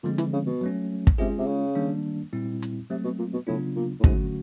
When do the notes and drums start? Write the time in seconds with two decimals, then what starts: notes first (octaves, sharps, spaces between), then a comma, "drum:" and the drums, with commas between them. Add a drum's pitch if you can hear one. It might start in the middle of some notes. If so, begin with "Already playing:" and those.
0.03 A#2 D3 F3 G#3 C4
0.18 E3, drum: hi-hat
0.33 C#3
0.46 B2
0.61 F#3 A3 C#4
1.07 drum: kick
1.18 C3 G#3 C#4 F4 G#4
1.38 C3
1.47 C#3
1.75 D#3 G3 A#3 D4
2.33 A#2 G3 C4 E4
2.62 drum: hi-hat
2.90 C3 F#3 A3 C4
3.04 B2
3.19 A#2
3.33 B2
3.47 A2 C#3 F#3 B3 D4 F4
3.76 A#2
4.00 A2
4.04 G#2 D3 F#3 A3 C#4 F#4, drum: kick